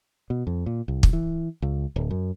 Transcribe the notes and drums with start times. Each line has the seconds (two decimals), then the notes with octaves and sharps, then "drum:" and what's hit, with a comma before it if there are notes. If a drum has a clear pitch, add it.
0.30 B2
0.47 F2
0.66 A#2
0.88 C2
1.03 drum: kick
1.13 E3
1.62 C#2
1.96 D1
2.11 F#2